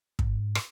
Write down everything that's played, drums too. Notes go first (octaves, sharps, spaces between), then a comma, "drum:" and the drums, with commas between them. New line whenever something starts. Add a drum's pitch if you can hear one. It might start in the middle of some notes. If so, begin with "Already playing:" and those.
G#2, drum: kick
drum: rim click